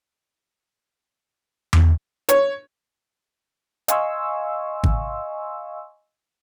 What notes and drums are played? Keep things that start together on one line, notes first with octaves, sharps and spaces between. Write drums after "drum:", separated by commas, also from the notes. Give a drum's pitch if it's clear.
drum: tom E2
C#5, drum: hi-hat
D#5 F5 G#5 C6 C#6 E6, drum: hi-hat
drum: kick G#1